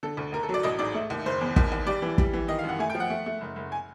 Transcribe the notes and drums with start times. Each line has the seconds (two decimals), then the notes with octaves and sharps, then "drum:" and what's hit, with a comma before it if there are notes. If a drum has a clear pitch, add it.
0.03 D3 A4
0.17 D2
0.32 D#2 A#4
0.43 A4
0.49 F#3
0.54 D5
0.63 A1 D#5
0.79 G#2 D5
0.94 A3
1.10 D#2
1.26 F#1 C5
1.41 E2
1.56 D#2, drum: kick
1.72 D#2
1.87 G3 D5
2.02 E3
2.18 G3, drum: kick
2.33 E3
2.48 D#3 D#5
2.59 F5
2.64 F#2 F#5
2.79 A3 G#5
2.90 G5
2.95 F3
3.00 F#5
3.10 A3
3.26 A3
3.41 F#1
3.56 F#1
3.72 G#5